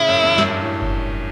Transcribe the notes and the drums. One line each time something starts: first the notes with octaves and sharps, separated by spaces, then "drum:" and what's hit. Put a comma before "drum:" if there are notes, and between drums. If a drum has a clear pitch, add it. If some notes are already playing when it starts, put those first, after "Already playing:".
Already playing: A2 C#3 E4
F#2
E2
F#2, drum: snare
G2
A2
drum: kick F#1